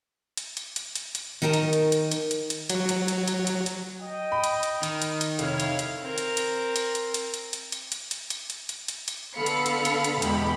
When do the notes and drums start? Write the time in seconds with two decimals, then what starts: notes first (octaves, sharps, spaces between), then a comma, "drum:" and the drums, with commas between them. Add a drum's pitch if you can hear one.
0.37 drum: hi-hat
0.57 drum: hi-hat
0.76 drum: hi-hat
0.95 drum: hi-hat
1.15 drum: hi-hat
1.42 D#3 D#4 A#4 G5 A5
1.53 drum: hi-hat
1.73 drum: hi-hat
1.92 drum: hi-hat
2.11 drum: hi-hat
2.31 drum: hi-hat
2.50 drum: hi-hat
2.70 F#3, drum: hi-hat
2.89 drum: hi-hat
3.08 drum: hi-hat
3.28 drum: hi-hat
3.47 drum: hi-hat
3.66 drum: hi-hat
4.00 D#5 G5
4.32 B5
4.44 drum: hi-hat
4.63 drum: hi-hat
4.83 D#3, drum: hi-hat
5.02 drum: hi-hat
5.21 drum: hi-hat
5.39 F1 E4 C#5 F5, drum: hi-hat
5.60 drum: hi-hat
5.79 drum: hi-hat
6.02 C4 A#4
6.18 drum: hi-hat
6.37 drum: hi-hat
6.76 drum: hi-hat
6.95 drum: hi-hat
7.14 drum: hi-hat
7.34 drum: hi-hat
7.53 drum: hi-hat
7.72 drum: hi-hat
7.92 drum: hi-hat
8.11 drum: hi-hat
8.30 drum: hi-hat
8.50 drum: hi-hat
8.69 drum: hi-hat
8.88 drum: hi-hat
9.08 drum: hi-hat
9.35 D3 B3 A4 F5 B5 C#7
9.46 drum: hi-hat
9.66 drum: hi-hat
9.85 drum: hi-hat
10.04 drum: hi-hat
10.22 E2 B2 G#3 G4 B5, drum: hi-hat